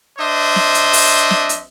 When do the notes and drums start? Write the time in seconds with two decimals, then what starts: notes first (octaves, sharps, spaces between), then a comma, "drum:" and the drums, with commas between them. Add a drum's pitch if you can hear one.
0.18 D4 C5 D#5 E5
0.56 drum: snare
0.74 drum: hi-hat
0.93 drum: open hi-hat
1.30 drum: snare
1.49 drum: hi-hat